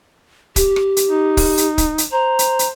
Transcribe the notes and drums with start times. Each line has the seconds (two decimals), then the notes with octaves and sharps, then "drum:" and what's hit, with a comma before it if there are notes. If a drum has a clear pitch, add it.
0.56 G4, drum: kick, hi-hat
0.76 drum: rim click
0.97 drum: hi-hat
1.10 D#4
1.37 drum: kick, open hi-hat
1.57 drum: hi-hat
1.78 drum: kick, hi-hat
1.98 drum: hi-hat
2.12 C5 A#5
2.39 drum: hi-hat
2.59 drum: hi-hat